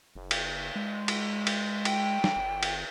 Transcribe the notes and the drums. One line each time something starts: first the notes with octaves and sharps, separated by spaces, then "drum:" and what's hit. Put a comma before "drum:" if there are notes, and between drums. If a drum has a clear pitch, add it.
F#1
drum: cymbal
G#3
drum: cymbal
drum: cymbal
G5, drum: cymbal
drum: snare
G1
drum: cymbal